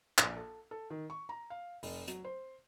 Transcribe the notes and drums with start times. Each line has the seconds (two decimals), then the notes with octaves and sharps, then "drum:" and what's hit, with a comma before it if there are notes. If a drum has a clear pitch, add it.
0.18 A#1, drum: clap
0.36 A4
0.71 A4
0.90 D#3
1.10 C#6
1.29 A#5
1.50 F5
1.83 F1, drum: open hi-hat
2.08 F#3, drum: hi-hat
2.25 C5